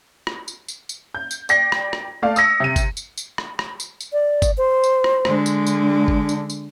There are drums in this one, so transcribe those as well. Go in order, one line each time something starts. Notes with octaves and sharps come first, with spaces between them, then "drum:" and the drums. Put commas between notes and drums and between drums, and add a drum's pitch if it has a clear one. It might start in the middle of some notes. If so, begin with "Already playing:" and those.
drum: rim click
drum: tambourine
drum: tambourine
drum: tambourine
G6
drum: tambourine
D5 G5 A#6 C7, drum: tambourine
drum: rim click
drum: rim click
A3 D5 F5
D#6 E6 A#6 C#7, drum: tambourine
C3 D#7
drum: kick, tambourine
drum: tambourine
drum: tambourine
drum: rim click
drum: rim click
drum: tambourine
drum: tambourine
D5
drum: kick, tambourine
C5
drum: tambourine
drum: rim click
D3 G#3, drum: rim click
drum: tambourine
drum: tambourine
D4
drum: kick
drum: tambourine
drum: tambourine